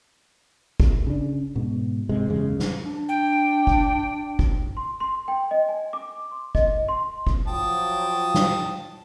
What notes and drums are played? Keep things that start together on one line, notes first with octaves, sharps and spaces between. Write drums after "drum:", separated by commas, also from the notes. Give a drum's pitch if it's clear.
drum: kick
C#3 D4
G#2 B2
G#2 C3 G#3
F#1 E2 C#3 G#3
drum: snare
D4
G5
drum: kick
drum: kick
C6
C6
G5
D#5
G#5
D6
C6
D#5, drum: kick
C6
drum: kick
F3 F#3 G5 A5 D#6
drum: snare